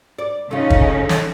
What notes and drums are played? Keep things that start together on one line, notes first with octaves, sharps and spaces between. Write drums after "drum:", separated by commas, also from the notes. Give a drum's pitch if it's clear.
D5
C#3 A3 C#4 D#4 F4
drum: kick
drum: snare